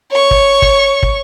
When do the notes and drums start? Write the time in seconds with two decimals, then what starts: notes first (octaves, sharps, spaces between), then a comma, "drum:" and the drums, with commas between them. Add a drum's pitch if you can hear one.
0.11 C#5 C#6
0.31 drum: kick
0.62 drum: kick
1.03 drum: kick